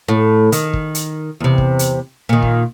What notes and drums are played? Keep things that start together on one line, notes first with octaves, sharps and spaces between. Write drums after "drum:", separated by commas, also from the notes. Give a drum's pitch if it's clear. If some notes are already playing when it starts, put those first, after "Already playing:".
A2
D#3, drum: hi-hat
drum: kick
drum: hi-hat
E2 C3
drum: kick
drum: hi-hat
A#2 D#3
drum: kick